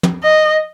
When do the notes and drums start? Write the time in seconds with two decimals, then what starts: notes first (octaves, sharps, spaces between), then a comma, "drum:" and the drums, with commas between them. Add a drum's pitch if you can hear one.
0.03 drum: tom
0.23 D#5